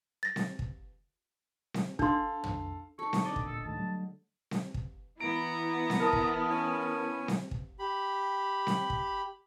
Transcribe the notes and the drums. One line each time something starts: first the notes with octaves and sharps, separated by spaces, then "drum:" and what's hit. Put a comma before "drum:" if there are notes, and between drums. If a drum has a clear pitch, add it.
A6 A#6
drum: snare C4
drum: kick
drum: snare C4
D4 A4 F5 C6, drum: kick
drum: tom
D#4 A4 C#6
drum: snare C4
D3 D5 D#5
drum: kick
D1 A#2 A4
C#2 A2 D#3 A5
F#3 G3 A3
drum: snare C4
drum: kick
E3 B3 E4 A#5 D7
drum: snare C4
A#4 A5 D#6
drum: kick
C#4 G#5
drum: snare C4
drum: kick
G4 B5
drum: snare C4
drum: kick